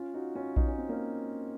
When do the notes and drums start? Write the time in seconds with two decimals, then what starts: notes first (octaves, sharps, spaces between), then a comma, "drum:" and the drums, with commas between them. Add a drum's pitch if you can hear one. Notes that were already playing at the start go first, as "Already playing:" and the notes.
Already playing: C#4 F4
0.14 D#4 F#4
0.35 C#4 F4
0.57 D#4, drum: kick A#1
0.68 C#4
0.78 C4
0.89 A#3 C#4